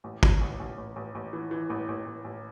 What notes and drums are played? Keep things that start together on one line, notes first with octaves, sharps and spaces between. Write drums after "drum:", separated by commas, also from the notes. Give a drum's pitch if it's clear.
A1
A1, drum: kick
A1
A1
A1
A1
A1
E3
E3
A1
A1
A1
A1